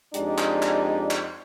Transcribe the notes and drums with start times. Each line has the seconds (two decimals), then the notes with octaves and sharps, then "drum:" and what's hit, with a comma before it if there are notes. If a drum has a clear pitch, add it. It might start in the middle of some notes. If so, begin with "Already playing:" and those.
0.14 F2 G#3 D4 D#4 G4 D5, drum: hi-hat
0.38 drum: clap
0.62 drum: clap
1.11 drum: clap